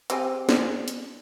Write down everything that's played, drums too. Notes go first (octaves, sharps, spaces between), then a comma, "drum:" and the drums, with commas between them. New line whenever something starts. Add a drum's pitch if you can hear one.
C4 G4 G#4, drum: hi-hat
drum: snare
drum: hi-hat